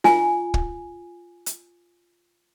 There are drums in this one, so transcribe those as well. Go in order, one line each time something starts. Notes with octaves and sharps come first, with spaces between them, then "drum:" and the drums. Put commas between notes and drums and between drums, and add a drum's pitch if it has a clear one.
F4 G#5, drum: snare
drum: kick
drum: hi-hat